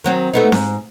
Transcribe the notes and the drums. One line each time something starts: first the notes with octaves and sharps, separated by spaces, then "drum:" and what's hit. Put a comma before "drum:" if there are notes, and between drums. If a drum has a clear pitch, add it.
D#3 F#3 C4
A3 B3 D#4
G#2, drum: snare C4